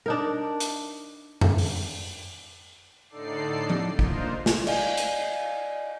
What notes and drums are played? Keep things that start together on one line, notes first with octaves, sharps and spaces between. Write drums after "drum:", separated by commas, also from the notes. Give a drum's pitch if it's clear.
D4 D#4 A#4
drum: hi-hat
drum: tom F2
drum: open hi-hat
A2 D3 D#4 A4 D5 C7
drum: tom F3
A#3 D4 D#4 F4 A#4 C5, drum: kick
drum: snare
D5 D#5 F5 G#5, drum: cymbal
drum: hi-hat